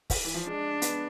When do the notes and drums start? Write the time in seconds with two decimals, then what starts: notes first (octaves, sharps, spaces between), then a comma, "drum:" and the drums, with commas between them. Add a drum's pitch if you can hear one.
0.10 drum: kick, open hi-hat
0.24 E3
0.34 F3
0.47 G#3 D4
0.82 B3, drum: hi-hat